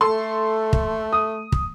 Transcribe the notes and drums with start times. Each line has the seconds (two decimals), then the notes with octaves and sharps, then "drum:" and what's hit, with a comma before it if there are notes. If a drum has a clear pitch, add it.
0.01 A3 A4 C6
0.73 drum: kick
1.13 D#6
1.52 drum: kick